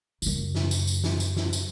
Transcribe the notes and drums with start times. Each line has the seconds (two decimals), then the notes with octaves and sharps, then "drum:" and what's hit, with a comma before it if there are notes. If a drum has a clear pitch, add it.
0.22 F#2 C#3, drum: tambourine
0.55 drum: snare
0.71 drum: tambourine
0.87 drum: tambourine
1.04 drum: snare
1.20 drum: tambourine
1.36 drum: snare
1.53 drum: tambourine